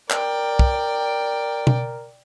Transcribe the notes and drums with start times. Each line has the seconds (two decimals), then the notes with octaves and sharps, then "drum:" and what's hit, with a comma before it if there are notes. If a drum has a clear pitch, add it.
0.11 A#4 D5 G5, drum: clap
0.59 drum: kick
1.67 drum: tom B2